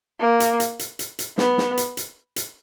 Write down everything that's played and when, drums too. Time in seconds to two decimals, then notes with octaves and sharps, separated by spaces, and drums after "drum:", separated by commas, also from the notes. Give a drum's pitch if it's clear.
0.20 A#3
0.40 drum: hi-hat
0.60 drum: hi-hat
0.79 drum: hi-hat
0.99 drum: hi-hat
1.19 drum: hi-hat
1.38 B3, drum: snare
1.58 drum: snare
1.77 drum: hi-hat
1.97 drum: hi-hat
2.36 drum: hi-hat